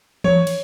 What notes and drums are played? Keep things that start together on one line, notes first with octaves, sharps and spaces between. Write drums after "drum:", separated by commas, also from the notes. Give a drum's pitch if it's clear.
C#5, drum: tom E3
drum: cymbal